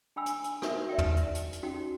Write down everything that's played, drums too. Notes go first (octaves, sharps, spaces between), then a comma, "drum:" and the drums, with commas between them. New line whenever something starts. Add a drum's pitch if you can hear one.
D4 G5 G#5 B5 E6
drum: hi-hat
drum: hi-hat
D#4 F#4 A#4 E5, drum: rim click
D5 E5 G5
drum: tom E2
drum: hi-hat
drum: hi-hat
drum: hi-hat
C#4 D#4 F#4 G5